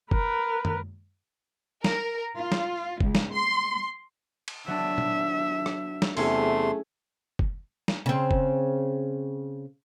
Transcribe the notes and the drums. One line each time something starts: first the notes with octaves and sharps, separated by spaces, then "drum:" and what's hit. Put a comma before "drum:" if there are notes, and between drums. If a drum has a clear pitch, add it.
A#4 B4, drum: kick F#1
drum: tom
A#4, drum: snare
F4
drum: snare
C#2, drum: kick F#1
drum: snare
C6
drum: cymbal
F#3 B3 D4 E5
drum: tom A#2
drum: rim click
drum: snare
E2 C3 A3 C#4 E4 G#4 C6, drum: open hi-hat
drum: kick F#1
drum: snare
C#3 C4
drum: kick F#1